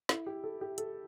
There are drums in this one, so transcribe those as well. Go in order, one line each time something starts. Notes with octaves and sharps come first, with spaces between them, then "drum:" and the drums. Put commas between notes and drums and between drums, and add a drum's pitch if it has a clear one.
E4, drum: snare
G4
A4
G4
A4, drum: hi-hat